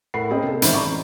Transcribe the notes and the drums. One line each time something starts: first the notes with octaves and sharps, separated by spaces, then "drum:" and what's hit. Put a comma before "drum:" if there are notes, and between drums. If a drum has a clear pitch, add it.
A2 A#4 F#5 B5 C7
A#3 C#4 G#4 C5 D#5 G5
C3 A#3 A4
A1 G#2 D#3 C5 E5 B5, drum: hi-hat
D5 A#5 C#6 D6
A1